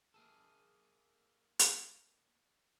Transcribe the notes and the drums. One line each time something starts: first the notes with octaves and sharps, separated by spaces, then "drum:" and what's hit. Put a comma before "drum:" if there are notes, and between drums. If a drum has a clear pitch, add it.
A#3 G#4 A4
drum: hi-hat